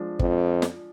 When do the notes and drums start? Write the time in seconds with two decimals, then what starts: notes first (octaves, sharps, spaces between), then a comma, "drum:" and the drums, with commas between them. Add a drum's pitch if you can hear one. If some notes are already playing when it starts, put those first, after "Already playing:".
Already playing: F3 G#3 D4
0.19 F2, drum: kick
0.62 drum: snare